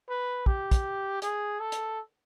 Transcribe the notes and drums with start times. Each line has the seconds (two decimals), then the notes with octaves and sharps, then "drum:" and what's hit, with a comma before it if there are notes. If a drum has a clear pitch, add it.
0.09 B4
0.46 G4, drum: kick
0.71 drum: kick, hi-hat
1.22 G#4, drum: hi-hat
1.60 A4
1.72 drum: hi-hat